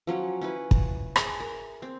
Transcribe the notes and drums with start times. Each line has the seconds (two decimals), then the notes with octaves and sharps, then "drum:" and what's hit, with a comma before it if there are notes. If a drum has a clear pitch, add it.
0.07 F3 F#3 C#4
0.41 C#4 E4 B4
0.71 drum: kick
1.16 G#4 E5, drum: rim click
1.40 A#4
1.82 C4